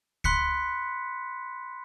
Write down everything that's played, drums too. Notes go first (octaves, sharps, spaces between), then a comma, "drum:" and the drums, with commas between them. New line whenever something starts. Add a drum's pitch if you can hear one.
B5 C6 F#6 B6 C#7, drum: kick C#2